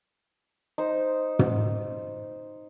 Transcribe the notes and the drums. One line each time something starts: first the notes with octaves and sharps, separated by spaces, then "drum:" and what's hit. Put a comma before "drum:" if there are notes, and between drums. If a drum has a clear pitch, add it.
D#4 C5
drum: tom